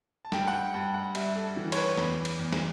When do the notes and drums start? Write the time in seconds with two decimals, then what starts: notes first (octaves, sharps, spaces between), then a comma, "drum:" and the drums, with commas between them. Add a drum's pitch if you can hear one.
0.25 A5
0.32 G2 G5, drum: snare
0.47 F#5
0.53 G5
0.74 G2 G5
0.94 F#5
1.15 G3 E5, drum: cymbal
1.35 A4
1.56 E3
1.72 C#5, drum: cymbal
1.77 B4
1.97 E2, drum: snare
2.25 drum: cymbal
2.39 E2
2.53 drum: snare